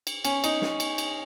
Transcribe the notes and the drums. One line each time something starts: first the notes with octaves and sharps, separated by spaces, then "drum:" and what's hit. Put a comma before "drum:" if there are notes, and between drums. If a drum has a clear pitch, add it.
drum: cymbal
C#4, drum: cymbal
D#4, drum: cymbal
drum: snare
drum: cymbal
drum: cymbal